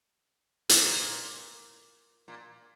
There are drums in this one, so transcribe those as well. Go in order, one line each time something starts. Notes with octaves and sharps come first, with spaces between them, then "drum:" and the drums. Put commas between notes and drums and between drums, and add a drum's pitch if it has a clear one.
A#2, drum: hi-hat
A#2